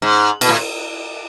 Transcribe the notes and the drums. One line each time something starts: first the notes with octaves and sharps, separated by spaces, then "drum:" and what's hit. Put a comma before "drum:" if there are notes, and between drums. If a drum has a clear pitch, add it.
G#2
B2, drum: cymbal
A2